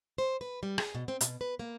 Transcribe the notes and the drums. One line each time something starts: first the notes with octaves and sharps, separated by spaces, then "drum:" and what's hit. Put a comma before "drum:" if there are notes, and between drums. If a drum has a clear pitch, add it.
C5
B4
G3
G#4, drum: rim click
B2
C4
B2, drum: hi-hat
B4
A#3